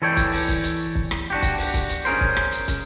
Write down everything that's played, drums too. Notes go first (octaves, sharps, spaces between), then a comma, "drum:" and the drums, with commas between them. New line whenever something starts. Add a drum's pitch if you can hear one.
E3 A4 C#5 D5 G5
drum: kick, hi-hat
drum: open hi-hat
drum: kick, hi-hat
drum: hi-hat
drum: kick
drum: rim click
D4 F#4 G4
drum: kick, hi-hat
drum: open hi-hat
drum: kick, hi-hat
drum: hi-hat
C#4 G#4 A#4 C5
drum: kick
drum: rim click
drum: hi-hat
drum: kick, hi-hat